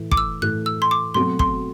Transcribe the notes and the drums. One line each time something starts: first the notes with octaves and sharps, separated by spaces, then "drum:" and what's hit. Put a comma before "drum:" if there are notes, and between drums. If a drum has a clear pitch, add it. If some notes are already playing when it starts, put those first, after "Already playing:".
Already playing: A2 E3 A3
D6, drum: kick
E6
A2 E3 A3 F#6
E6
C6
D6
B2 F#3 A3 C4 F#4 C6
C6, drum: kick